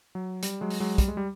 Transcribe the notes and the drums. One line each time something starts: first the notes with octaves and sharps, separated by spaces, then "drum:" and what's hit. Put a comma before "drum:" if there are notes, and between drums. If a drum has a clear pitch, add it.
F#3
G3, drum: hi-hat
F#3 G#3
drum: open hi-hat
F#3 G#3
G3, drum: kick, hi-hat
G#3
G3